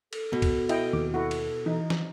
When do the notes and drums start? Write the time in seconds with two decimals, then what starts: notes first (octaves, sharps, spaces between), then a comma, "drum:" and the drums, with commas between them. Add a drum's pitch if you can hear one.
0.13 A4, drum: cymbal
0.33 B2
0.42 drum: kick, cymbal
0.69 E4 D#5 E5 G5, drum: cymbal
0.93 D#2 D6
1.14 E4 F#4 A4
1.31 drum: cymbal
1.66 E3 D#4
1.90 drum: snare